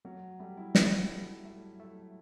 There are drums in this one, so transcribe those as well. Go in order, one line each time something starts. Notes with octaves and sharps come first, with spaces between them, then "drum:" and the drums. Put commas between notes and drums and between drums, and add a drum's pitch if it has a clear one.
F#3 A3
G3 A3
E4
F#3 E4, drum: snare
A3
A3
A3